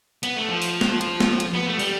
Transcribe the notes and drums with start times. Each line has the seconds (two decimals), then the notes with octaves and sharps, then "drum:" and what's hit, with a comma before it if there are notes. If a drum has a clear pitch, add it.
0.23 B3, drum: hi-hat
0.36 A3
0.49 F3
0.62 drum: open hi-hat
0.81 drum: snare
1.01 drum: hi-hat
1.20 drum: snare
1.40 drum: hi-hat
1.53 B3
1.67 A3
1.79 G3, drum: open hi-hat